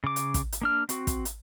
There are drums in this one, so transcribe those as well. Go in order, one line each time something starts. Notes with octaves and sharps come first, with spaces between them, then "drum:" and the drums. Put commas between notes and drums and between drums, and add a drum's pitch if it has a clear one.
C#3 D6
drum: hi-hat
drum: kick, hi-hat
drum: hi-hat
A#3 D4 F6
C4 F#4, drum: hi-hat
drum: kick, hi-hat
drum: hi-hat